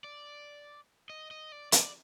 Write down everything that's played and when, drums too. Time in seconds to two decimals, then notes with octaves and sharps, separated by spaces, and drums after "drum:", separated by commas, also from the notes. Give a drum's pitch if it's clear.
0.04 D5
1.10 D#5
1.31 D#5
1.52 D5
1.72 D5, drum: hi-hat